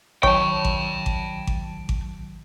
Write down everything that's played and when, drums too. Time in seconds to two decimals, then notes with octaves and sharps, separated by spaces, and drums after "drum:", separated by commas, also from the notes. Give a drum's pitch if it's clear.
0.23 D#3 F#3 C#5 G5 A5 C#6, drum: kick G#1
0.65 drum: kick G#1
1.06 drum: kick G#1
1.47 drum: kick G#1
1.89 drum: kick G#1